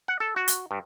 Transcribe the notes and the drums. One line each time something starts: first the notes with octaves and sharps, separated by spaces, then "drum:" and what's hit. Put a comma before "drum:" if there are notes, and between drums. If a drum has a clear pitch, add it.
F#5
A4
F#4
drum: hi-hat
G2